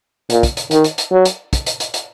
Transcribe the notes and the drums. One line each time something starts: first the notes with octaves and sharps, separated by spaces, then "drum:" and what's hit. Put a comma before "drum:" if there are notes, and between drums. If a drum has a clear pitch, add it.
A#2, drum: hi-hat
drum: kick, hi-hat
drum: hi-hat
D#3, drum: hi-hat
drum: hi-hat
drum: hi-hat
F#3
drum: hi-hat
drum: kick, hi-hat
drum: hi-hat
drum: hi-hat
drum: hi-hat